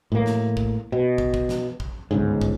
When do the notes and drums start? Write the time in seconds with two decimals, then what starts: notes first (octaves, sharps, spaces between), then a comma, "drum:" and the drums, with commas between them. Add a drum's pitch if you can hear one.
0.12 A2 A#3
0.26 drum: snare
0.57 drum: kick
0.92 B2
1.18 drum: kick
1.34 drum: kick
1.49 drum: snare
1.80 drum: kick
2.11 G1 C#2 G#2
2.41 drum: kick